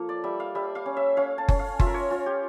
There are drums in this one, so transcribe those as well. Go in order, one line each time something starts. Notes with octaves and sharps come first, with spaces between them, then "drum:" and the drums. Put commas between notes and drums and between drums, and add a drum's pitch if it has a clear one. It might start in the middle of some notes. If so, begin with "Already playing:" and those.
Already playing: F3 A#3 A4
D5
G3 E5
F5
G3 E5
F5
C#4
E5
C#4 F5
A5
C#4, drum: kick F#1
F5
F4 E5, drum: kick F#1
A#4
C#5
C#4 F4
G4